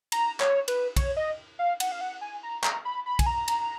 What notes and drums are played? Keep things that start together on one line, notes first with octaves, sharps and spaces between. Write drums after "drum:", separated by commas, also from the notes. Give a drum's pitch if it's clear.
A#5, drum: cymbal
C#5, drum: clap
B4, drum: cymbal
C#5, drum: kick, cymbal
D#5
F5
F#5, drum: cymbal
F5
F#5
G#5
A#5
A#5, drum: clap
B5
B5
G#5, drum: kick, cymbal
A#5
drum: cymbal